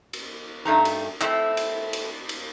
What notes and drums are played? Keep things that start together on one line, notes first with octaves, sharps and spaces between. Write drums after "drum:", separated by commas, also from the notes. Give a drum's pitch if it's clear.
drum: cymbal
G2 A3 D#4 A#5
drum: cymbal
A3 C4 E4, drum: clap
drum: cymbal
drum: cymbal
drum: cymbal